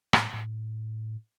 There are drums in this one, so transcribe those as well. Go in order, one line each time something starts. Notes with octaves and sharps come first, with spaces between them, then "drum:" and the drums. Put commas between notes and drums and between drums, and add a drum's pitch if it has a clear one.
A2, drum: rim click
A2